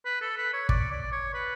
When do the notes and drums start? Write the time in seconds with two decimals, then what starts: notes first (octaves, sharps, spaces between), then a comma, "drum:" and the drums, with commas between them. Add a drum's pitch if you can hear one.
0.06 B4
0.21 A4
0.37 B4
0.53 C#5
0.69 D5, drum: kick
0.92 D5
1.12 C#5
1.34 B4